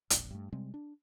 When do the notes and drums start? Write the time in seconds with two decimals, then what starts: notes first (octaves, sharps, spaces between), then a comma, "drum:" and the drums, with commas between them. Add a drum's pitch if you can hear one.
0.10 E1 A#1, drum: hi-hat
0.31 G2 A3
0.53 C3 G3 G#3 C4
0.74 D4